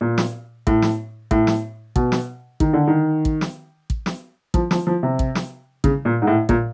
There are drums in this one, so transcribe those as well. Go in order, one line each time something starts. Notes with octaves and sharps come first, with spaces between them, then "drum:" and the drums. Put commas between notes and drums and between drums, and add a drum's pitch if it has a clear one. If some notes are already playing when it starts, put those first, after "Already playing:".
A#2
drum: snare
A2, drum: kick
drum: snare
A2, drum: kick
drum: snare
B2, drum: kick
drum: snare
D#3, drum: kick
D3
D#3
drum: kick
drum: snare
drum: kick
drum: snare
F3, drum: kick
F3, drum: snare
F3
C3
drum: kick
drum: snare
C#3, drum: kick
A#2
G#2
A2
A#2, drum: kick